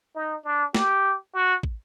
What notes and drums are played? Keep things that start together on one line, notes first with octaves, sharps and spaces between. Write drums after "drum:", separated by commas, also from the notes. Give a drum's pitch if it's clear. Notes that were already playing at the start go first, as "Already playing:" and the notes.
D#4
D4
G4, drum: snare
F#4
drum: kick